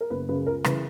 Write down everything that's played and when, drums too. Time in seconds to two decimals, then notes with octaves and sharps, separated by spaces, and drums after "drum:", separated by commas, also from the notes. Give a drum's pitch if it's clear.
0.01 A#4
0.10 F#1 B4
0.29 F#2 C#3 B4
0.46 C#2 A#4
0.64 C#3 E3 B4, drum: rim click